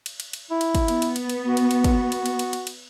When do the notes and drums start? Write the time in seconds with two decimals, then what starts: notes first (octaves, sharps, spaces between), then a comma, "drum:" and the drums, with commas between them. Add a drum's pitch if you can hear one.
0.06 drum: cymbal
0.20 drum: cymbal
0.33 drum: cymbal
0.51 E4
0.61 drum: cymbal
0.75 drum: kick, cymbal
0.88 B3, drum: cymbal
1.02 drum: cymbal
1.16 drum: cymbal
1.29 drum: cymbal
1.47 F#4
1.57 drum: cymbal
1.71 drum: cymbal
1.84 drum: kick, cymbal
2.12 drum: cymbal
2.26 drum: cymbal
2.39 drum: cymbal
2.53 drum: cymbal
2.67 drum: cymbal